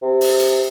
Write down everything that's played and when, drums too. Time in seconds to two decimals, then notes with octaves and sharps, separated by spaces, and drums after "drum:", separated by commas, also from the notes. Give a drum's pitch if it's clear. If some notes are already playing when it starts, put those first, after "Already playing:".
0.02 C3
0.21 drum: open hi-hat
0.40 drum: hi-hat